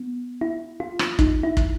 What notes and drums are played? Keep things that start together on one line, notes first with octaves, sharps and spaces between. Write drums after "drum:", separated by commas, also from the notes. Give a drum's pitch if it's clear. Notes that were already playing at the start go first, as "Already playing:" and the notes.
Already playing: B3
E4
F4
drum: rim click
D#4, drum: kick
E4
drum: kick